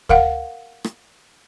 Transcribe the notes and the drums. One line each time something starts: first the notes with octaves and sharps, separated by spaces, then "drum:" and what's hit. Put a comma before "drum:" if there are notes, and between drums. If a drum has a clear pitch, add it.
A#4 F5 F#5, drum: kick D2
drum: rim click